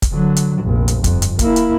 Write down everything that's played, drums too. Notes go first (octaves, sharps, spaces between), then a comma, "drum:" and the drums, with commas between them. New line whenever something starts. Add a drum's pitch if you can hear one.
drum: kick, hi-hat
D3 F#3
drum: hi-hat
F1 A#1
drum: hi-hat
G1 F2, drum: kick, hi-hat
drum: hi-hat
A#3 E4, drum: kick, hi-hat
drum: hi-hat